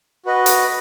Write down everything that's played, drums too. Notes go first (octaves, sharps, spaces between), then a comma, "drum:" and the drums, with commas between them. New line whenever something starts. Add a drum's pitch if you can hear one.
F#4 B4 D#5
drum: hi-hat